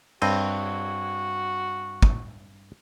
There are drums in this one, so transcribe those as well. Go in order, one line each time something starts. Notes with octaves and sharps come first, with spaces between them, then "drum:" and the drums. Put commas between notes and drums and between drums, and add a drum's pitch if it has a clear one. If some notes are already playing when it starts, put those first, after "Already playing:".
G2 C4 F#4 D#5, drum: cymbal
drum: kick